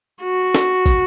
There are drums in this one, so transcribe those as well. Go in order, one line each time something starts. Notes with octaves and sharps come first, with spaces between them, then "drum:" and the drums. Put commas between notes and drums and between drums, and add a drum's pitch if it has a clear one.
F#4
drum: snare
drum: kick, tambourine